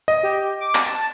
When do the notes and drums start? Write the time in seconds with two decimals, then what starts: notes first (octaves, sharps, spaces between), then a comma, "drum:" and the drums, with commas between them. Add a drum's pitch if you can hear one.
0.08 D#5
0.23 G4
0.60 D6
0.75 drum: clap
0.86 A5